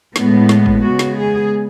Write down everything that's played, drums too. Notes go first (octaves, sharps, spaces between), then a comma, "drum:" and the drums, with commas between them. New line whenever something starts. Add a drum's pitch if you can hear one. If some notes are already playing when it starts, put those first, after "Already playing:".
A2 G#3 B3, drum: snare
drum: snare
drum: kick
C#3 G#3 B3 F#4
drum: snare
G#4